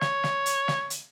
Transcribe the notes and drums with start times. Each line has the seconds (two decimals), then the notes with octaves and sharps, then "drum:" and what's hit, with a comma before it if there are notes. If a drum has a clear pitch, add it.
0.01 C#5, drum: snare
0.24 drum: snare
0.46 drum: hi-hat
0.68 drum: snare
0.90 drum: hi-hat